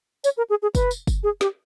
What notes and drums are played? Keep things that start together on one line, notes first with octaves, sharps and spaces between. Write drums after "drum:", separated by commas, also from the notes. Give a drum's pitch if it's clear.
C#5, drum: tambourine
A#4
G#4
G#4
B4, drum: kick, tambourine
drum: tambourine
drum: kick, tambourine
G#4
G4, drum: snare